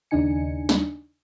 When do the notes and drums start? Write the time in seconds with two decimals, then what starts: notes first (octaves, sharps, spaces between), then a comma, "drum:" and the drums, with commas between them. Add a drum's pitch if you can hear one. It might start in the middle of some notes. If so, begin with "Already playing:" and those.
0.11 D#2 C#3 D4 D#4 G#5 C#7
0.69 drum: snare